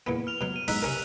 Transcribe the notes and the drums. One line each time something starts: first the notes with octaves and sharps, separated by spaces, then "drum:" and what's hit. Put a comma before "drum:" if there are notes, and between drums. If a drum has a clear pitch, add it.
E2 A#2 B3
F6 F7
B2 F#3
D#7
B1 G#2 D#4 E6 F#6 B6, drum: open hi-hat
C3 C#4 A#4